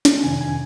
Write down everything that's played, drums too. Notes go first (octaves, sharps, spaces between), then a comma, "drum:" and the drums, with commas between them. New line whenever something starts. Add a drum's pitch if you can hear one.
drum: snare
F2 C3 D#3 G#5
G#5